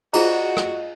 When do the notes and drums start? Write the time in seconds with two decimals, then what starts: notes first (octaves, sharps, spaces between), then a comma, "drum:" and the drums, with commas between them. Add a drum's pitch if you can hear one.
0.13 F4 F#4 G#4 D#5 A#5, drum: cymbal
0.57 drum: rim click